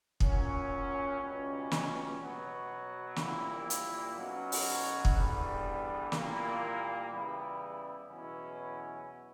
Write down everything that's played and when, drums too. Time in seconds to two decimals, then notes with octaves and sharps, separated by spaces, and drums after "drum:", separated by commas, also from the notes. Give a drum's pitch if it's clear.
0.20 A#2 F#3 C#4, drum: kick
1.19 C#2 B2 G3 C#4
1.71 drum: snare
2.17 B2 F#3 B3
3.16 A#1 A#2 G3 A#3 E4, drum: snare
3.70 drum: hi-hat
4.15 B1 B2 F#3 C#4
4.52 drum: open hi-hat
5.05 drum: kick
5.14 E2 D3 G3
6.12 A#2 G3 A#3 E4, drum: snare
7.10 E2 C#3 G3 B3 E4
8.09 E2 B2 F#3 C#4 E4